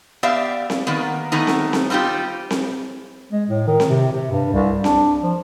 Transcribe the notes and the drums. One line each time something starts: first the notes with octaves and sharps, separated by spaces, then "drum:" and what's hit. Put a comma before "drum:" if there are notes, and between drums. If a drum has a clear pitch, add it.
B3 G4 D5 E5 F5
drum: snare C4
D#3 A#3 B3
D#3 A3 B3 D#4
drum: snare C4
drum: snare C4
G3 C4 D#4 F4 G4
drum: snare C4
G#3
A2
D#3
drum: snare C4
C3
C3
G2
C2
D4, drum: snare C4
F3